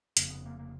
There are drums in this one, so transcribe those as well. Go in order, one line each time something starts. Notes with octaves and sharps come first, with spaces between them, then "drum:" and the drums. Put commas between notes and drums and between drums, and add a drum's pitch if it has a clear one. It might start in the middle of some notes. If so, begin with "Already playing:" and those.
F1 F2 C#3 A#3, drum: hi-hat
B3
A#3
A#3